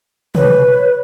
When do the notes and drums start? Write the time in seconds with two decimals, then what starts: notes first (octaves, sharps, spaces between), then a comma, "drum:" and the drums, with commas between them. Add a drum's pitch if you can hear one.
0.35 B4 C#5, drum: tom